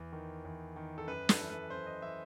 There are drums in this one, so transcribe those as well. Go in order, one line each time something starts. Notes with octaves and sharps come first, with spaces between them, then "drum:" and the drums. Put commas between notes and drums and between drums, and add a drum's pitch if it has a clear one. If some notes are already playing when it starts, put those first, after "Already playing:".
Already playing: E2
D#3
E2
D#3
A4
F#2 B4
A4, drum: snare
E3
B4
F#2 C5
D#5
E3 E5